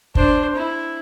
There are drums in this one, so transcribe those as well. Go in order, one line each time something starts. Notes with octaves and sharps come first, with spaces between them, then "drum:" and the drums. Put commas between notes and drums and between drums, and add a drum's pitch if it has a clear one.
D4 C5, drum: kick
E4